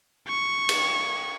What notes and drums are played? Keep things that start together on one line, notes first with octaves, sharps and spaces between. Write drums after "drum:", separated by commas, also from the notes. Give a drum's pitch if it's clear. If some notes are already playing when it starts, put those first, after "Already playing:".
C#6
drum: cymbal